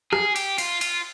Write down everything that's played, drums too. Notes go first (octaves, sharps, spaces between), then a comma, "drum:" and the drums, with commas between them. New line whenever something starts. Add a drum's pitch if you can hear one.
G#4, drum: rim click
G4, drum: cymbal
F4, drum: cymbal
F4, drum: cymbal